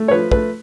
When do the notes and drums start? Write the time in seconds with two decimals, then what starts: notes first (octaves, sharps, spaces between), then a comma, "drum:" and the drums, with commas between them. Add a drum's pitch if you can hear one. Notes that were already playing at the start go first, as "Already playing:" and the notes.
Already playing: A3
0.08 C#5
0.11 F3 B4
0.31 A3 B4, drum: kick